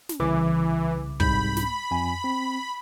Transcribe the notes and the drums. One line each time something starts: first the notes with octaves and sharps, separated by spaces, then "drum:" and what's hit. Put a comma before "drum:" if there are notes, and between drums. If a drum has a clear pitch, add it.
drum: snare
C2 C#3 E3 D6
C2 G#2 B5 G6, drum: kick
drum: snare
F2 G#5
C4